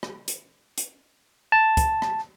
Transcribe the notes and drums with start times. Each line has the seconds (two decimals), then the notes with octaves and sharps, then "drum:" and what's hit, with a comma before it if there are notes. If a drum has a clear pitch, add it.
0.03 drum: rim click
0.28 drum: hi-hat
0.78 drum: hi-hat
1.52 A5
1.77 drum: kick, hi-hat
2.02 drum: rim click